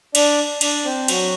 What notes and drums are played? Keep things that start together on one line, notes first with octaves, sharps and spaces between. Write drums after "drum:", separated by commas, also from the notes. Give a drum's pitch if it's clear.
D4 D5, drum: cymbal
D4 D5, drum: cymbal
C4 C5
F#3 F#4, drum: cymbal